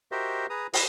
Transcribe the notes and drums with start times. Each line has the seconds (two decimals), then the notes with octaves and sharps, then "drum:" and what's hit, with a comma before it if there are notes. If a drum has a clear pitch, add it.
0.12 F#4 G4 A#4 C5 D#5 E5
0.50 G#4 B4 A#5 D#6
0.74 E4 B4 D#5 E5 D#6, drum: open hi-hat